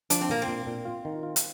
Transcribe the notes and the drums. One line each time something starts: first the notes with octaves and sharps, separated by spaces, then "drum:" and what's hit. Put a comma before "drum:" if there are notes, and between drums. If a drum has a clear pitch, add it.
F3 D4, drum: hi-hat
C4
A#2 A#3
C4
A#2
A#2
F4
D#3
F4
drum: hi-hat